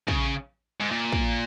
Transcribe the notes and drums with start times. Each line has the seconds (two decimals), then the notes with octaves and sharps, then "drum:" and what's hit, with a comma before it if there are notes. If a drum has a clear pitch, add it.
0.08 C#3, drum: kick
0.81 G#2
0.91 A#2
1.12 drum: kick